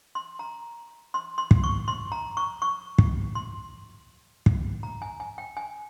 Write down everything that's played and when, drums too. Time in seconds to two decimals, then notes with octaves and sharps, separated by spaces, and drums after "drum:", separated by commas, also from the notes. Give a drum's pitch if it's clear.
0.15 C6
0.39 A#5
1.14 C6
1.38 C6
1.51 drum: kick
1.64 C#6
1.88 C6
2.12 A#5
2.37 C#6
2.62 C#6
2.98 drum: kick
3.35 C6
4.46 drum: kick
4.83 A#5
5.02 G#5
5.20 G#5
5.38 G5
5.57 G#5